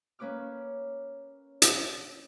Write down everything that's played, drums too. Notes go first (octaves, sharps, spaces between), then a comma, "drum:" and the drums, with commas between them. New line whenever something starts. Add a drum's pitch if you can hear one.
A#3 C#4 B4 D6 F6
drum: hi-hat